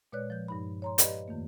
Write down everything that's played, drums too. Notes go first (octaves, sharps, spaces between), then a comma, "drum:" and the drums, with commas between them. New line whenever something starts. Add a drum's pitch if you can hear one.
A#2 G#3 B4 C#5 D5 F#6
F3 G6
G2 D#4 B5
C#5 A#5 C6
G4 B4 D5 D#5 F5 B5, drum: hi-hat
F2 D#3 A3 A#3